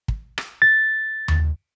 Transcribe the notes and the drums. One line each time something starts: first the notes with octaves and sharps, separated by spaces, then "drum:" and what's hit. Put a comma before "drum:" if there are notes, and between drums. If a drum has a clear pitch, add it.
drum: kick
drum: rim click
A6
drum: tom D#2